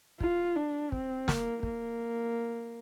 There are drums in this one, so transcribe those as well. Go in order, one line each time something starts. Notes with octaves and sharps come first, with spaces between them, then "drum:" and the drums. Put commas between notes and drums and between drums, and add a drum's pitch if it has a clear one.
F4, drum: kick
D4
C4, drum: kick
A#3, drum: snare
A#3, drum: kick